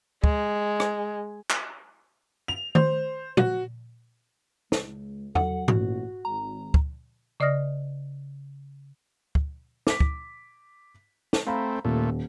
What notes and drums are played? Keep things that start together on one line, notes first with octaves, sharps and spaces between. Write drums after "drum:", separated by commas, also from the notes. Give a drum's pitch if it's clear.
G#3, drum: kick
drum: rim click
drum: clap
F7
C5, drum: tom D#3
F#4, drum: tom
C#2 G#3, drum: snare
F#3 A4 F#5, drum: tom E2
A1 A#2 F#4, drum: tom G#2
G#1 A#5
drum: kick
C#3 D5 D#5 D#6 F6 A#6
drum: kick
D6 B6, drum: snare
drum: kick
drum: snare
A3 C4 F5 A#5 B5
D#1 A#2 A3